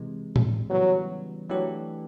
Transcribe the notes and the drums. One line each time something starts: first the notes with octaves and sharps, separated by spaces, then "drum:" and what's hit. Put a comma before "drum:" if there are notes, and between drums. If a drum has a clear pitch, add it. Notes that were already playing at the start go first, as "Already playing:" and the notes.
Already playing: C3 E3 G#3
drum: tom A2
C#3 E3 F#3 G3 B3
E3 F#3 A3 D4 G4